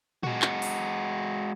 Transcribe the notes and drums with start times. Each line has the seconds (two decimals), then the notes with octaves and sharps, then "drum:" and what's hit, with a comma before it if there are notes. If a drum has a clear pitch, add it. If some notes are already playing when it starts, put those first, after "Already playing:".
0.23 G#3 F#4, drum: tom A#2
0.42 drum: clap
0.62 drum: open hi-hat